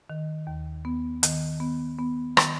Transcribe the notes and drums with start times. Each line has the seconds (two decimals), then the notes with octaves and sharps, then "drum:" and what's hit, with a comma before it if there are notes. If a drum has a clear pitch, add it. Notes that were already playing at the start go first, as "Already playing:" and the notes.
0.10 D#3
0.47 D#2
0.85 B3
1.23 D#3, drum: hi-hat
1.60 B3
1.99 B3
2.37 D#3, drum: rim click